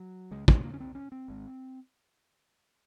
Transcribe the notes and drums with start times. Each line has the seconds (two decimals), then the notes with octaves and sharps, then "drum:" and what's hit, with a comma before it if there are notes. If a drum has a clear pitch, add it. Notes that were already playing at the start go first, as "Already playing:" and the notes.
Already playing: F#3
0.31 C#2 C#3 G#3
0.48 G#3, drum: kick
0.64 A#3
0.74 C#4
0.80 C2 C3 C4
0.95 C#4
1.12 C4
1.28 G#1 G#2